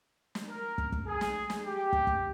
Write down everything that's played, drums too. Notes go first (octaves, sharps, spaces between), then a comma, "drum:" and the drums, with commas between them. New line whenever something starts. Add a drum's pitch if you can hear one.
drum: snare
A#4
drum: kick
drum: kick
G#4
drum: snare
drum: snare
G4
drum: kick
drum: kick